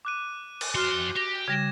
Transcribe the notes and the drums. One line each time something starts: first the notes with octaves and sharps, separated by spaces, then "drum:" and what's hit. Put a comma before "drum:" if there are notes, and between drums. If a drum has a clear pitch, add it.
D6 F#6 D#7
drum: cymbal
F2 F#4 C6 F6
G4 A#6
C#3 G3 G#6 A#6 E7